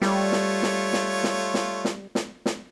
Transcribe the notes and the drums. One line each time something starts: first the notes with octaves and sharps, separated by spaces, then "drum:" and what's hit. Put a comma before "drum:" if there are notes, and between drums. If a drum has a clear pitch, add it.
G3 A3 F4 C#5, drum: snare
drum: snare
drum: snare
drum: snare
drum: snare
drum: snare
drum: snare
drum: snare
drum: snare